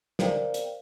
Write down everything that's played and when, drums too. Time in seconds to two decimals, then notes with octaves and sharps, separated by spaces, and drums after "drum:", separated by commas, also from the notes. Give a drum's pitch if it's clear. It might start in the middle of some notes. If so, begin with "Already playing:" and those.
0.19 A#4 C5 D5 F5 G5, drum: snare
0.54 drum: hi-hat